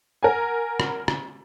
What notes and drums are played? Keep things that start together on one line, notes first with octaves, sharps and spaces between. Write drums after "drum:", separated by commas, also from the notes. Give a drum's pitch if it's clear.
A#4 F#5 G#5
drum: rim click
drum: rim click